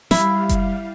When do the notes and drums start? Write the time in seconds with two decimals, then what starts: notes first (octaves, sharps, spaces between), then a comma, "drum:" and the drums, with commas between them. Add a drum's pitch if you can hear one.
0.11 G3 E4 F5, drum: snare
0.49 drum: kick F#1, hi-hat